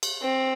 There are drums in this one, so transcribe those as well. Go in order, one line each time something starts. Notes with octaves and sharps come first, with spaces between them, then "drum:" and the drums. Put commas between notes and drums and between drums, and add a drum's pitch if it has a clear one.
drum: cymbal
C4